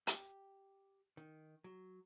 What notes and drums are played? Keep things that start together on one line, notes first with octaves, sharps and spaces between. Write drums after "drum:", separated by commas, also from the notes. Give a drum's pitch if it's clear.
G4, drum: hi-hat
D#3
F#3